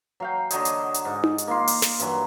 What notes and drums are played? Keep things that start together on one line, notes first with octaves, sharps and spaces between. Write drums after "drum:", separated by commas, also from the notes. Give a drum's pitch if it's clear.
F#3 F5 G5
D3 F#3 C#5 D#5, drum: hi-hat
drum: hi-hat
drum: hi-hat
G#2
drum: tom D#4
drum: hi-hat
A#3 F4 C6
drum: open hi-hat
drum: snare
G2 E3 F#3, drum: hi-hat